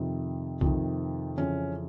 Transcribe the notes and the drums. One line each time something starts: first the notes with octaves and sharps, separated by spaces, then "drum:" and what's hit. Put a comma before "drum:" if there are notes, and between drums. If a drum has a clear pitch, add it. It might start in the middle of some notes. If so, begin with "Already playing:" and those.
Already playing: F2 C3 D#3
F2 C3 D#3, drum: kick B1
F2 C#3 E3 C#4